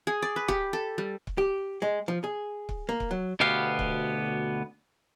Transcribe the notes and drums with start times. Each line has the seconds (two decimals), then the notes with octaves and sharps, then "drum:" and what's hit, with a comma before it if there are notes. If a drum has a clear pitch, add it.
0.07 G#4
0.22 D5
0.36 B4
0.48 G4, drum: kick C#1
0.73 A4
0.98 G3
1.27 drum: kick C#1
1.38 G4
1.82 G#3
2.08 F3
2.24 G#4
2.69 drum: kick C#1
2.89 A#3
3.00 drum: kick C#1
3.11 F#3
3.40 D2 B2 B3 G4 F5
3.79 drum: kick C#1